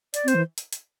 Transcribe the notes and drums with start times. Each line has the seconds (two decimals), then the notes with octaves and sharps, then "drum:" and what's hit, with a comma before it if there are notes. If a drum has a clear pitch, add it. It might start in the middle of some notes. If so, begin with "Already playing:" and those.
0.14 D5, drum: hi-hat
0.24 C4
0.28 C5, drum: hi-hat
0.35 E3
0.58 drum: hi-hat
0.73 drum: hi-hat